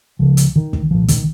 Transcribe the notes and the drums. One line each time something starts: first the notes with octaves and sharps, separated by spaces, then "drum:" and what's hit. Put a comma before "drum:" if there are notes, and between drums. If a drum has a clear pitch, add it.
C#2 C#3 F3
drum: hi-hat
D#3
drum: kick
C2 A#2 F3
D#3, drum: kick, hi-hat